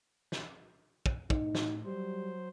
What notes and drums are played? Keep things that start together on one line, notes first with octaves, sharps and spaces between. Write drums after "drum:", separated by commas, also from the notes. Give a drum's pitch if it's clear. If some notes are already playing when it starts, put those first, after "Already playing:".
drum: snare
drum: kick
A2 D#4, drum: kick
drum: snare
F#3 G3 C5